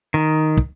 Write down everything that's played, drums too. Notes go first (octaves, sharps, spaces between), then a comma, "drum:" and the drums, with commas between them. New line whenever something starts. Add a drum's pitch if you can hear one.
D#3
drum: kick